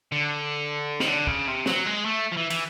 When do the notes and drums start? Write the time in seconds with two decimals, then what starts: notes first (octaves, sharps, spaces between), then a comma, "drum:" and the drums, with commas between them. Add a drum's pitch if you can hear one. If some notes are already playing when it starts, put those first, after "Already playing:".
0.12 D3
1.00 D#3, drum: snare
1.08 D3
1.27 C#3, drum: kick
1.47 C3
1.66 F#3, drum: snare
1.86 G#3
2.05 A3
2.32 F3
2.37 E3
2.50 E3, drum: cymbal